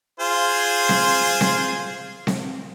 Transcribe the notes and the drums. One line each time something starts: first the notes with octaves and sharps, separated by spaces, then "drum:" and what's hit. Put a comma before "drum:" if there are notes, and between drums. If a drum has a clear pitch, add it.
F4 G#4 C5
drum: snare C4
drum: snare C4
drum: snare C4